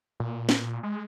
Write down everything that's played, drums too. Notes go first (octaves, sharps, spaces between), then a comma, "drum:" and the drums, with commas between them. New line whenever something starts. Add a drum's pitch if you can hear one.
A#2
drum: snare
G#3